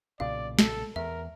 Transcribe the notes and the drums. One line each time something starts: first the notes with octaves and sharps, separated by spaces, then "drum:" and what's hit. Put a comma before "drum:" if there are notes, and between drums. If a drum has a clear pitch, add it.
B1 A#2 C#3 D5 F5
A4, drum: snare
E2 A#4 E5